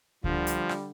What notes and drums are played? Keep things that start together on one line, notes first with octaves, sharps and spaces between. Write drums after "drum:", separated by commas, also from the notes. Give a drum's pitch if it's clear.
D3 F3 G3, drum: kick C#2
drum: hi-hat
drum: rim click